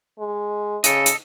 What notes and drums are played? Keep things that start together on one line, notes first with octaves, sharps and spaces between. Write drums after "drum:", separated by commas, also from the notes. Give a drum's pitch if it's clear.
G#3
C#3 A4 D#5, drum: hi-hat
drum: hi-hat